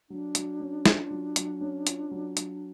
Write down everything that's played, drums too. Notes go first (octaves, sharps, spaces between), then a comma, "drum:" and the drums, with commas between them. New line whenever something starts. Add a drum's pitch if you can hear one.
F#3 D4
F#3, drum: hi-hat
C#4
F4, drum: snare
F#3
F#3, drum: hi-hat
C#4
F4, drum: hi-hat
F#3
F#3, drum: hi-hat